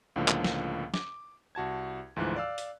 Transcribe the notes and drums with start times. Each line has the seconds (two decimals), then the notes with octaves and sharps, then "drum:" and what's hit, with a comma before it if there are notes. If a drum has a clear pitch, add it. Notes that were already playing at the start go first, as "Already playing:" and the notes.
0.16 C#2 A2 D3 F3 A#3
0.28 drum: clap
0.44 drum: snare
0.94 D6, drum: snare
1.55 C2 F#4 A5 G#6
2.16 D2 G#2 E3 F3 E4 F#6
2.36 D5 F5 E6
2.58 drum: open hi-hat